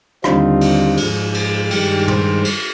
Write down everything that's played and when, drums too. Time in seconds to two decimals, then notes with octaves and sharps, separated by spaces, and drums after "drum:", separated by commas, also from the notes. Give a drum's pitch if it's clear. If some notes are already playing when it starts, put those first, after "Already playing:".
0.24 D#2 D3 G3 C4 D#4 F4, drum: rim click
0.61 drum: cymbal
0.97 G#2 F3 G#3, drum: cymbal
1.34 drum: cymbal
1.71 G2 D#3 G#3 G4, drum: cymbal
2.08 C5, drum: tom
2.44 drum: cymbal